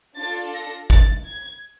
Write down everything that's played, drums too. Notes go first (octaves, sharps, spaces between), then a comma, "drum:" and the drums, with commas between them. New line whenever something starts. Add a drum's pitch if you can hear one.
D4 F4 A4 A6
A#6
A6, drum: kick
G#6